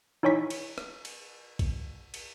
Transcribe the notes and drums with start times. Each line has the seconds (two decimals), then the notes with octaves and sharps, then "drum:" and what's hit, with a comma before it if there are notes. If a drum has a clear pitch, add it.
0.23 D#4 E4 C#5 G#5 C#6 B6
0.50 drum: cymbal
0.78 drum: rim click
1.05 drum: cymbal
1.59 drum: kick A#1, cymbal
2.14 drum: cymbal